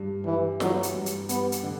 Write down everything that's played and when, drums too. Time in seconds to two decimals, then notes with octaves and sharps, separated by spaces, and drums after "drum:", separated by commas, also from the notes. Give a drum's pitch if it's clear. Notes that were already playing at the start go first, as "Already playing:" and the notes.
Already playing: G2
0.26 E3 G3
0.60 E3 F#3, drum: snare
0.83 drum: hi-hat
0.94 G2
1.06 drum: hi-hat
1.29 G3 B3, drum: hi-hat
1.52 drum: hi-hat
1.63 D3